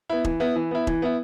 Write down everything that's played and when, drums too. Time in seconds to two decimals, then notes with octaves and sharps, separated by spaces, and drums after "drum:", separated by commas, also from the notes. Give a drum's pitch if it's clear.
0.09 B3 E4
0.24 E3, drum: kick E1
0.40 B3 E4
0.56 E3
0.71 B3 E4
0.87 E3, drum: kick E1
1.02 B3 E4